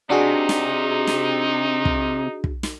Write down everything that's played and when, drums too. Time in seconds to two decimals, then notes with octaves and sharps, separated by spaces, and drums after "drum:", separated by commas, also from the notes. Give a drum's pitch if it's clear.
0.10 C3 D4 D#4 F#4 G#4
0.49 drum: snare
1.07 drum: snare
1.85 drum: kick
2.44 drum: kick
2.63 drum: snare